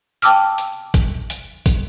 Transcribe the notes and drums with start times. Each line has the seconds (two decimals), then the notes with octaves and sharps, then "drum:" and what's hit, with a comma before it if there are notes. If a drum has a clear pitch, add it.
0.22 G5 A5 D6 E6 F6, drum: hi-hat
0.58 drum: hi-hat
0.94 drum: kick, hi-hat
1.30 drum: hi-hat
1.66 drum: kick, hi-hat